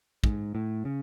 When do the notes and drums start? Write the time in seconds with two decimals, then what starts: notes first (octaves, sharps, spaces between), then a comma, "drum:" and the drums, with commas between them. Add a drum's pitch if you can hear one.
0.24 G#2, drum: kick
0.55 A2
0.85 C#3